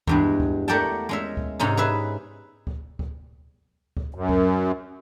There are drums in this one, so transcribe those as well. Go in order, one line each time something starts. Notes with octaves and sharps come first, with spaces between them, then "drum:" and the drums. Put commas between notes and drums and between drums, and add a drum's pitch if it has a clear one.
E2 G2 G#3, drum: kick D2
drum: kick D2
A3 A#4 D5 F#5 G5 A5
G#3 C#4 E5
drum: kick D2
G#2 C3 C#4 D#4
G#4 B4 E5
drum: kick D2
drum: kick D2
drum: kick D2
F#2
drum: kick D2